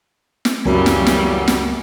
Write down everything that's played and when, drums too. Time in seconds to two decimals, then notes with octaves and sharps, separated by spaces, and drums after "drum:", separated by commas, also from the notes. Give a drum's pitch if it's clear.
0.45 drum: snare
0.65 C#2 F#2 C#3 E3 F#3 G3 A#4 B5
0.86 drum: snare
1.07 drum: snare
1.48 drum: snare